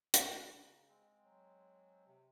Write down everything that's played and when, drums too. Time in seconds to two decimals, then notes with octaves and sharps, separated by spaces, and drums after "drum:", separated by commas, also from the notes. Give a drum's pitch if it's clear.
0.14 C#3 A#5, drum: hi-hat
0.89 G#3 C4
1.24 F#3
2.07 C3